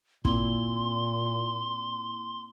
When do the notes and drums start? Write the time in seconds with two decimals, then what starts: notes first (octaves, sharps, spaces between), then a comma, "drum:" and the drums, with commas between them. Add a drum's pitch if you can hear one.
0.25 A#2 A#3 C4 E4 C6, drum: kick